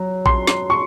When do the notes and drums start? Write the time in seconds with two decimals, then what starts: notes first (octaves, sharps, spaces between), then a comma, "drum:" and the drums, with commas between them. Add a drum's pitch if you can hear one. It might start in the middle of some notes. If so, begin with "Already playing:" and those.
Already playing: F#3
0.26 C6, drum: kick A#1
0.47 drum: snare
0.70 C#6